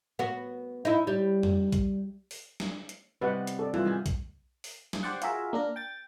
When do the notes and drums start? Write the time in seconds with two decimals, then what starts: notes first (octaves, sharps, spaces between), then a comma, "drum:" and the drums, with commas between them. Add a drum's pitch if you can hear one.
0.19 B3 F#4
0.85 D#4 E4
1.07 G3
1.43 drum: tom F2
1.72 drum: kick B1, hi-hat
2.31 drum: open hi-hat
2.60 drum: snare
2.89 drum: hi-hat
3.21 C3 G3 B3 B4 D#5 F#5
3.47 drum: hi-hat
3.59 A4 D5
3.74 E3 F4, drum: tom G3
3.85 D#3 G4 G#4
4.06 drum: kick B1, hi-hat
4.64 drum: open hi-hat
4.93 drum: snare
5.03 G4 C5 D5 F#5
5.22 F4 F#4 G#4 A#4 E5, drum: hi-hat
5.53 A#3 D4 A#4
5.76 G5 A6